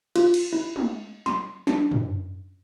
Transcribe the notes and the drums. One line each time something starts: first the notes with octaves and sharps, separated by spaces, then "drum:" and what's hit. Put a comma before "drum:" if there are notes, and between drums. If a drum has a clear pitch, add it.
F4, drum: cymbal
drum: cymbal
E4
drum: tom
C6, drum: snare
D4, drum: snare
drum: tom